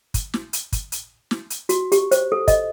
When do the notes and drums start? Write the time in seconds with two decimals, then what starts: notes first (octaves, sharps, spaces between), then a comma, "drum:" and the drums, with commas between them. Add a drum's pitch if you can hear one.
0.14 drum: kick, hi-hat
0.34 drum: snare
0.53 drum: hi-hat
0.72 drum: kick, hi-hat
0.92 drum: hi-hat
1.31 drum: snare
1.50 drum: hi-hat
1.69 F#4, drum: hi-hat
1.92 G4, drum: hi-hat
2.11 C5, drum: hi-hat
2.32 A4
2.48 D#5, drum: kick, hi-hat